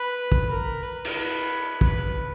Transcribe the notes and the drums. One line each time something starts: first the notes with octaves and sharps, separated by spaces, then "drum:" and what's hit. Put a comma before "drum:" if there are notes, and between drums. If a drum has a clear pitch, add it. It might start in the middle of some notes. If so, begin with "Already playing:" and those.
Already playing: B4
drum: kick
A#4
B4
drum: cymbal
B4
B4, drum: kick